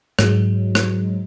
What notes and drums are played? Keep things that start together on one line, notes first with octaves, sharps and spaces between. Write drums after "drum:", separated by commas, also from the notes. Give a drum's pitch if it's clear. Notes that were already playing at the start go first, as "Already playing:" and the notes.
G#2 F#3 G#3, drum: rim click
drum: rim click